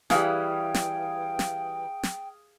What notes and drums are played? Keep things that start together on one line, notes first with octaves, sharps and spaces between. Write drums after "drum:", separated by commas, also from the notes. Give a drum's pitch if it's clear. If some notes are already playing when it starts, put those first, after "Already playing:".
E3 G3 G#4 F5 G5, drum: snare
drum: snare
drum: snare
drum: snare